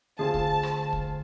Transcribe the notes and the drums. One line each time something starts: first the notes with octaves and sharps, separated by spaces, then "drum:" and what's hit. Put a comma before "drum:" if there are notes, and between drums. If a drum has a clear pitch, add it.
D2 C4 F4 G#4 A5
drum: kick
drum: rim click
drum: kick